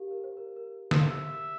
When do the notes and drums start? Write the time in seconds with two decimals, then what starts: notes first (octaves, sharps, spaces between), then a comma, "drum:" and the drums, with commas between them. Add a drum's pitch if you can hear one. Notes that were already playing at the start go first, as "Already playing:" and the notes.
Already playing: G4 A#4 F5
0.11 A#4
0.24 C5
0.37 A#4
0.56 A#4
0.91 drum: snare
1.02 E5